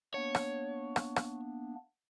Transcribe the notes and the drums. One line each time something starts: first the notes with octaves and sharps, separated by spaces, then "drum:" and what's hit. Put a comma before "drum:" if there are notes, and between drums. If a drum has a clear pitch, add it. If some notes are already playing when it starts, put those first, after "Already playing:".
A#3 B3 D4 C#5
drum: rim click
drum: rim click
drum: rim click